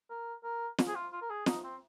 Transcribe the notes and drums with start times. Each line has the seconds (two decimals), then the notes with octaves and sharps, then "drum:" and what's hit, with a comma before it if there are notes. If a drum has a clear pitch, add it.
0.10 A#4
0.44 A#4
0.78 drum: snare
0.88 G#4
0.95 F4
1.12 F4
1.22 A#4
1.30 G#4
1.46 D#4, drum: snare
1.64 C4